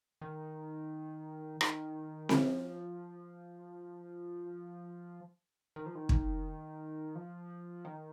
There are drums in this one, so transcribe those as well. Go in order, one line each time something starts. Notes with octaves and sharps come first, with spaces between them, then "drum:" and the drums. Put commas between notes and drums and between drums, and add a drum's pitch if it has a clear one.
D#3
D#3, drum: rim click
F3, drum: snare C4
D#3
F3
D#3
drum: kick
F3
D#3